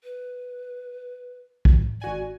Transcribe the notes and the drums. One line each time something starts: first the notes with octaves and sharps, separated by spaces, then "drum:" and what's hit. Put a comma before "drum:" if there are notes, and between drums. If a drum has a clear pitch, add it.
B4
drum: kick
G#1 F#4 D5 G#5